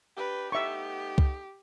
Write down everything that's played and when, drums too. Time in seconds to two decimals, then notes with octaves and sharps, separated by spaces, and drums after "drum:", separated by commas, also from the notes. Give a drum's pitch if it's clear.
0.17 D4 G4 B4
0.52 A3 B3 D#4 G4 E5 C#6
1.18 drum: kick